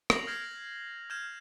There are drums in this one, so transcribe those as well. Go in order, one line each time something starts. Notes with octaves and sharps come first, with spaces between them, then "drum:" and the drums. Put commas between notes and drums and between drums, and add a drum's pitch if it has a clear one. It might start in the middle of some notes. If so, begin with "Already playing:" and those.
A#6 C7 F7 F#7, drum: rim click
F6 G6 G#6 A#6 C7 E7
F6 G6 G#6 E7